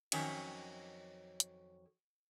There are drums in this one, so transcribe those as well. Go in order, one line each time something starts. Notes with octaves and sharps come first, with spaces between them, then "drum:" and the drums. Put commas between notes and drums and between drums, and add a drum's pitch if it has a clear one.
F2 D#3 F#3 C#4 E5, drum: cymbal
drum: hi-hat